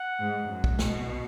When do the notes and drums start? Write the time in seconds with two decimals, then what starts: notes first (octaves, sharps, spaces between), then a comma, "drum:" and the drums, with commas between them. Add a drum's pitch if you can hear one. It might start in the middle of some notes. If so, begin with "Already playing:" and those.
Already playing: F#5
0.20 G#2
0.50 F#2
0.64 drum: kick
0.79 B2, drum: snare